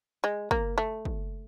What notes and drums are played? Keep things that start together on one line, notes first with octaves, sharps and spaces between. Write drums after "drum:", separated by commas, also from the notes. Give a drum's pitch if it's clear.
G#3
A#3, drum: kick
A3
drum: kick